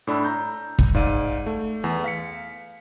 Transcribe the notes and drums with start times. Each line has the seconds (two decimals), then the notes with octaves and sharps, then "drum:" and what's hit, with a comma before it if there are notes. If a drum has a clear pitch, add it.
0.07 A2 D4 B5 E6
0.25 A#5 G6
0.79 drum: kick
0.94 G#2 D5 F5 D#7
1.46 A3
1.84 E2
2.04 F5 B6 C#7